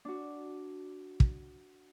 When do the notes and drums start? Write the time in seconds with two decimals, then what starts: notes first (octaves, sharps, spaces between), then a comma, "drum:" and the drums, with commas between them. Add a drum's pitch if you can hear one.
0.05 D4 F#4
1.20 drum: kick